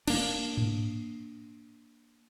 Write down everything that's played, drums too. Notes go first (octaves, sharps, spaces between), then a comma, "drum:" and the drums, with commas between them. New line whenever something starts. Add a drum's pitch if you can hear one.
A#3 D4, drum: cymbal
drum: tom G#2